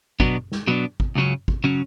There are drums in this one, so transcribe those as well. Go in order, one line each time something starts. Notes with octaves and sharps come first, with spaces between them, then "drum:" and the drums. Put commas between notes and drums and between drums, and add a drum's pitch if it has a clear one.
B2 F#3 B3 D4, drum: kick
drum: snare
B2 F#3 B3 D4
drum: kick
C#2 C#3 F#3 C#4
drum: kick
C#3 F#3 C#4